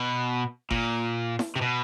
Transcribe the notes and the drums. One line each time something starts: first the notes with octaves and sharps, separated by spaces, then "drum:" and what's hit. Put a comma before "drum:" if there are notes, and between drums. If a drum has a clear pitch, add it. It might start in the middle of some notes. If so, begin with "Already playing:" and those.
Already playing: B2
A#2, drum: kick G1
drum: snare E4
C3
B2